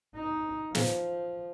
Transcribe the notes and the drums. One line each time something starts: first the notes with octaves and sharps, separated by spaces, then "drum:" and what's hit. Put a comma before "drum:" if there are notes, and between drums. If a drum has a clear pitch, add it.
D#4
F3, drum: snare